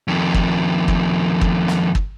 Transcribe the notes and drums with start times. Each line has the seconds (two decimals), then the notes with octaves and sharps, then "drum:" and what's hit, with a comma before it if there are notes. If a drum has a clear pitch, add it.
0.08 F2 D#3
0.34 drum: kick
0.88 drum: kick
1.41 drum: kick
1.68 drum: snare
1.95 drum: kick